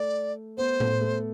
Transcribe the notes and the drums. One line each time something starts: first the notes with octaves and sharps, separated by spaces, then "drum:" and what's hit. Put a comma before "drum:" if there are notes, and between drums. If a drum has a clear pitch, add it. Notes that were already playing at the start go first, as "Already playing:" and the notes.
Already playing: A3 D5
B3 C5
A3, drum: tom A2
A3